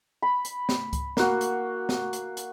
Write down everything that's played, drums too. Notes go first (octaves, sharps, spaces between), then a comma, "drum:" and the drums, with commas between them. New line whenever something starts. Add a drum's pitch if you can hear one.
B5
drum: hi-hat
drum: snare
drum: kick C#2, hi-hat
A#3 F#4, drum: snare
drum: hi-hat
drum: snare
drum: hi-hat
drum: hi-hat